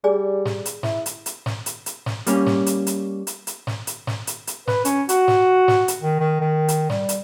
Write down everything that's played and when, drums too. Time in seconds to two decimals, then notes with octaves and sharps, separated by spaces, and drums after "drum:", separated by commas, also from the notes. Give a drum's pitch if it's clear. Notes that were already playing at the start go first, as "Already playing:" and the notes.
0.04 G3 G#4 D5 G#5
0.45 drum: snare
0.66 drum: hi-hat
0.83 E4, drum: snare
1.06 drum: hi-hat
1.26 drum: hi-hat
1.46 drum: snare
1.66 drum: hi-hat
1.86 drum: hi-hat
2.06 drum: snare
2.27 G3 A#3 C#4, drum: hi-hat
2.46 drum: snare
2.66 drum: hi-hat
2.87 drum: hi-hat
3.27 drum: hi-hat
3.47 drum: hi-hat
3.67 drum: snare
3.87 drum: hi-hat
4.07 drum: snare
4.27 drum: hi-hat
4.47 drum: hi-hat
4.67 B4, drum: snare
4.85 C#4, drum: hi-hat
5.09 F#4, drum: hi-hat
5.28 drum: snare
5.68 drum: snare
5.88 drum: hi-hat
6.02 D#3
6.19 D#3
6.41 D#3
6.68 drum: hi-hat
6.90 G3, drum: snare
7.09 drum: hi-hat